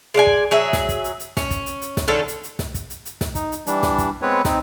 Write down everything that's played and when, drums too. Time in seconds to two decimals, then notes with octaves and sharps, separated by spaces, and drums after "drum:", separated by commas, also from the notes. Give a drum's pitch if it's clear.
0.14 G#3 D5 F5 G#5
0.27 drum: kick
0.51 F#3 G#4 E5
0.73 drum: snare
0.89 drum: kick, hi-hat
1.04 drum: hi-hat
1.20 drum: hi-hat
1.37 C#4, drum: snare
1.51 drum: kick, hi-hat
1.66 drum: hi-hat
1.82 drum: hi-hat
1.97 drum: snare
2.08 D3 D#3 C#4 A4
2.28 drum: hi-hat
2.43 drum: hi-hat
2.59 drum: snare
2.74 drum: kick, hi-hat
2.90 drum: hi-hat
3.05 drum: hi-hat
3.21 drum: snare
3.35 D#4, drum: kick, hi-hat
3.52 drum: hi-hat
3.67 E3 G3 D4, drum: hi-hat
3.83 drum: snare
3.98 drum: kick, hi-hat
4.22 G#3 B3 C4 B4 C#5
4.45 C4 D#4, drum: snare